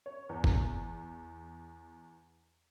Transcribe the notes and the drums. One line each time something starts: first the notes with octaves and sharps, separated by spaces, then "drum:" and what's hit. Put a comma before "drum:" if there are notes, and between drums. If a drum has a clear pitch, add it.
C#5
E2
drum: kick F#1